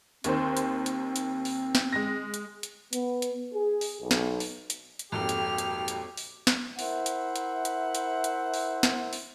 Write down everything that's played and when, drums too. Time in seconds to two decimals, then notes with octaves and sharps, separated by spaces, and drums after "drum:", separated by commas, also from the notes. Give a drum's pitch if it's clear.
0.24 D#2 D#3 C4 C5, drum: hi-hat
0.57 drum: hi-hat
0.86 drum: hi-hat
1.16 drum: hi-hat
1.45 drum: open hi-hat
1.75 drum: snare
1.93 G#3 A#6
2.34 drum: hi-hat
2.63 drum: hi-hat
2.93 B3, drum: hi-hat
3.22 drum: hi-hat
3.52 G#4
3.81 drum: open hi-hat
4.02 B1
4.11 drum: snare
4.40 drum: open hi-hat
4.70 drum: hi-hat
4.99 drum: hi-hat
5.12 D#1 G#1 F2 F#4 G4 G5 F6
5.29 drum: hi-hat
5.58 drum: hi-hat
5.88 drum: hi-hat
6.17 drum: open hi-hat
6.47 drum: snare
6.79 E4 A#4 C5 E5 F#5, drum: open hi-hat
7.06 drum: hi-hat
7.36 drum: hi-hat
7.65 drum: hi-hat
7.95 drum: hi-hat
8.24 drum: hi-hat
8.54 drum: open hi-hat
8.83 drum: snare
9.13 drum: open hi-hat